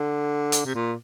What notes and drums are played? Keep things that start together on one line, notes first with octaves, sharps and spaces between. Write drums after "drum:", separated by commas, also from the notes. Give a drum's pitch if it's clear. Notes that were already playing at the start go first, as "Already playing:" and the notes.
Already playing: D3
drum: hi-hat
C3
A#2